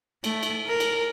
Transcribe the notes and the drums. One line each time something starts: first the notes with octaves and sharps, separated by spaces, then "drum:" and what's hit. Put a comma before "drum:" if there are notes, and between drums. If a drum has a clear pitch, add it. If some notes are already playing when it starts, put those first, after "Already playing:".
A3, drum: cymbal
drum: cymbal
A#4
drum: cymbal